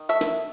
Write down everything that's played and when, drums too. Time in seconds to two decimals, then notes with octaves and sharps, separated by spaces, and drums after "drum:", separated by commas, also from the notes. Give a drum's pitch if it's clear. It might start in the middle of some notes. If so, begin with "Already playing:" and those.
Already playing: D#3
0.09 A3 E5
0.21 drum: snare